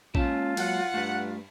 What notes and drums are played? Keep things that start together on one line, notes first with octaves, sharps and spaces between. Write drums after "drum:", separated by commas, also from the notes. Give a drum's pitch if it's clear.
G#3 A#3 C#4 F4 A5, drum: kick A#1
F#3 F#5, drum: cymbal
G2 A3 B4